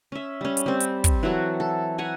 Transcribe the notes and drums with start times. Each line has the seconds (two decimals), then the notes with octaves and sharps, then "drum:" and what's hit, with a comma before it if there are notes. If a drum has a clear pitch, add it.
0.12 C#4 E5
0.41 G3 C#4
0.57 drum: hi-hat
0.66 G3 C4
0.80 drum: hi-hat
1.04 drum: kick, hi-hat
1.23 E3 F#3 F#4 A4
1.60 A4
1.98 E5 F#5 G#5 A#5